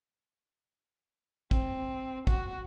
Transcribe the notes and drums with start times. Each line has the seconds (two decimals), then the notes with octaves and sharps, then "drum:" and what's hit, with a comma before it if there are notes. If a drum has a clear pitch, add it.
1.51 C4, drum: kick
2.27 F#4, drum: kick